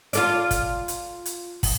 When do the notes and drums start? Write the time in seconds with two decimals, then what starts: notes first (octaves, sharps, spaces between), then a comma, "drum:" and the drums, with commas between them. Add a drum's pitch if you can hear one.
0.13 F4 A4 D5, drum: hi-hat
0.51 drum: kick, hi-hat
0.88 drum: hi-hat
1.26 drum: hi-hat
1.63 drum: kick, open hi-hat